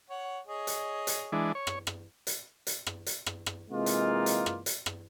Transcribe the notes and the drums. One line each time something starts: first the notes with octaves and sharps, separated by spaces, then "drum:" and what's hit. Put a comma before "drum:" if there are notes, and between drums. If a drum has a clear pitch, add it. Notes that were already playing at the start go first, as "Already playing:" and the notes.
C#5 F#5
G#4 C#5 D#5
drum: hi-hat
drum: hi-hat
E3 G#3 D4
C#5
drum: rim click
drum: rim click
drum: hi-hat
drum: hi-hat
drum: rim click
drum: hi-hat
drum: rim click
drum: rim click
C3 E3 G#3 A#3 D#4 F4
drum: hi-hat
drum: hi-hat
drum: rim click
drum: hi-hat
drum: rim click